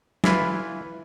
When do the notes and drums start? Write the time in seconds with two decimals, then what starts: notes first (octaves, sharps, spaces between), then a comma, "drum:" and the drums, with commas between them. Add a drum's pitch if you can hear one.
0.24 E3 E4 F4 B4, drum: snare